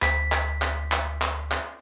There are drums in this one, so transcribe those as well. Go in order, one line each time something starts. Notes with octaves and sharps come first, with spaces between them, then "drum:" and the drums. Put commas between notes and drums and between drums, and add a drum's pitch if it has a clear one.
D2 B6, drum: clap
drum: clap
drum: clap
drum: clap
drum: clap
drum: clap